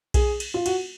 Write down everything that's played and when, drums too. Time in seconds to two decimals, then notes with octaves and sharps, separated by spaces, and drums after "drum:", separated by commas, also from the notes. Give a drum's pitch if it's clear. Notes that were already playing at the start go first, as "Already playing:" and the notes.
0.14 G#4, drum: kick B1, cymbal
0.40 drum: cymbal
0.54 F4
0.66 F#4, drum: cymbal